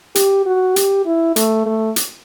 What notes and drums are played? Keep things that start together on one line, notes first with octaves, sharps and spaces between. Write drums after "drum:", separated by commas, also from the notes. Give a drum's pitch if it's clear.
G4, drum: hi-hat
F#4
G4, drum: hi-hat
E4
A3, drum: hi-hat
A3
drum: hi-hat